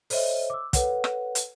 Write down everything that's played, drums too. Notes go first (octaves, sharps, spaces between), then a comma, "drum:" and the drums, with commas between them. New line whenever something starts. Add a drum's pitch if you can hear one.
A4 C5 C#5 D#5 E5, drum: open hi-hat
D6 E6
A4 B4 C#5 F#5, drum: kick, hi-hat
drum: rim click
drum: hi-hat